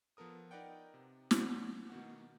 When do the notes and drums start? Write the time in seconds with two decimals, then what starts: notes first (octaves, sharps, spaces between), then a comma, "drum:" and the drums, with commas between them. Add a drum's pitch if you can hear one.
0.17 F3 B3 A4 A#4 D#6
0.51 D#4 A#4 B4 D5 F#5 G5
0.94 C3
1.31 C#4 D4 F#4 B5, drum: snare
1.90 B2 D#3 F#4